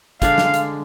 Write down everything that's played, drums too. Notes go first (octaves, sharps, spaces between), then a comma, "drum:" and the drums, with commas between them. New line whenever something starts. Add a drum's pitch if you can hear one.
D3 G#3 D4 F5, drum: kick, hi-hat
drum: snare
drum: hi-hat